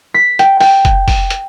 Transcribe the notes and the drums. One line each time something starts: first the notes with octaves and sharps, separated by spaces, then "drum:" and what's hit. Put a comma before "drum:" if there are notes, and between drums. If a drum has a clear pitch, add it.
B6
G5, drum: hi-hat
G5, drum: open hi-hat
drum: kick, hi-hat
drum: kick, open hi-hat
drum: hi-hat